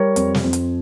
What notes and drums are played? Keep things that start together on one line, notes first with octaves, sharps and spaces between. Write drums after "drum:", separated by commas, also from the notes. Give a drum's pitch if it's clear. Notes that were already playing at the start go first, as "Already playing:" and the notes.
Already playing: G3 A#4 C#5
F2, drum: hi-hat
drum: snare
F2
drum: hi-hat